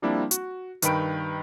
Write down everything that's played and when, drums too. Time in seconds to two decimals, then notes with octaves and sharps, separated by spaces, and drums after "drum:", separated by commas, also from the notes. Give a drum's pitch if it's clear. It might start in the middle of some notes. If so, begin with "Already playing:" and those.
0.02 F3 G3 A#3 C4 D4 E4
0.31 F#4, drum: hi-hat
0.82 G2 D#3 B4 G5 B5 D7, drum: hi-hat